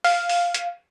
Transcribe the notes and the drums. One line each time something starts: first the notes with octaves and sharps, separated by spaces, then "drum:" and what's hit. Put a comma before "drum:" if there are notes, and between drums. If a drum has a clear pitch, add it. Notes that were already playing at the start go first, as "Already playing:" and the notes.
F5, drum: open hi-hat
drum: open hi-hat
drum: hi-hat